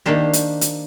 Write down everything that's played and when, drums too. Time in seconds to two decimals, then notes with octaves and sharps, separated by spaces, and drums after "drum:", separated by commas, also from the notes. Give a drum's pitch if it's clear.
0.06 D#3 A#3 D4 G4 C5
0.33 drum: hi-hat
0.61 drum: hi-hat